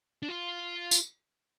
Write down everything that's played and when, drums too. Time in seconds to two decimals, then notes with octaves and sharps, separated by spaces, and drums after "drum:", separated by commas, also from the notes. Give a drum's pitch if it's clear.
0.23 D4
0.29 F4
0.91 drum: tambourine